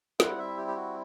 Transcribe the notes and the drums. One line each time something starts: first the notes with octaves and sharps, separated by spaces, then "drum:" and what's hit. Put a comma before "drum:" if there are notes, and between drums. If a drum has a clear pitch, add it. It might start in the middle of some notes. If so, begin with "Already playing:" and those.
G3 C4 E4 F#5, drum: snare
E5
G4
G4
F#4